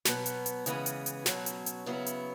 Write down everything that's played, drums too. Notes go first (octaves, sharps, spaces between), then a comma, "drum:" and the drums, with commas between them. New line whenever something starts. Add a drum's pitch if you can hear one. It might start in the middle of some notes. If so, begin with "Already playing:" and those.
B2 F#3 B3, drum: snare
drum: hi-hat
drum: hi-hat
C#3 E3 G#3 B3, drum: hi-hat
drum: hi-hat
drum: hi-hat
B2 F#3 C#4 F#4, drum: snare
drum: hi-hat
drum: hi-hat
C#3 F#3 B3 E4
drum: hi-hat